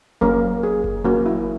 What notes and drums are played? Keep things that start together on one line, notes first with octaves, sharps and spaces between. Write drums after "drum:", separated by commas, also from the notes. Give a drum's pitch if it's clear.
F#3 A#3 C#4 A#4, drum: kick F#1
G#4
drum: kick F#1
F#3 A#3 C#4 F#4
E4